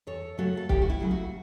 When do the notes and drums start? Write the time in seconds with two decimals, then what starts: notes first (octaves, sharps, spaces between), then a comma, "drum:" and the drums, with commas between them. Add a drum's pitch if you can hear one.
0.07 E2 A4 C#5
0.38 C#3 F#3 A3 F#4 A4
0.57 A4
0.69 E2 E4 G4, drum: kick
0.82 F#4
0.90 E4
1.00 C#3 F#3 A3
1.11 F#4